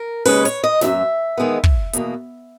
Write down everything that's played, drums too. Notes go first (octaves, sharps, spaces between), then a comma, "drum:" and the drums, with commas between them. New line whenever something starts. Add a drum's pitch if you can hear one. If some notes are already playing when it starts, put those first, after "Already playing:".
Already playing: A#4
D#2 C#3 G#3 C#4 B4, drum: open hi-hat
C#5, drum: hi-hat
D#5
F#2 D#3 F#3 E5, drum: snare
E2 D#3 G#3 B3
drum: kick
E2 B2 A#3, drum: hi-hat